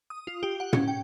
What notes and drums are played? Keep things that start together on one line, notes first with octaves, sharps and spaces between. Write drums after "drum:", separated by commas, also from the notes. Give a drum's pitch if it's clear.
D#6
F4
G4
F#5
C#4, drum: tom
G5